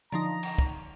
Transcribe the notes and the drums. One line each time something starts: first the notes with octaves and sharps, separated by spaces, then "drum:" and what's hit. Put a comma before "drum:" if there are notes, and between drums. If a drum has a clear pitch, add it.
D3 F3 D#4 A#5
drum: cymbal
drum: kick